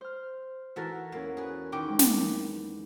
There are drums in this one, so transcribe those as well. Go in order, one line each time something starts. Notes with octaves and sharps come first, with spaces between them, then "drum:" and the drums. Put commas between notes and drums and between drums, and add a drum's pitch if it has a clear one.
C5 F6
E3 F#4 A4 A#4 E5
E2 A#3 C#4
G#4 B4
D#3 C#4 E4 G5 D6
G#3
drum: snare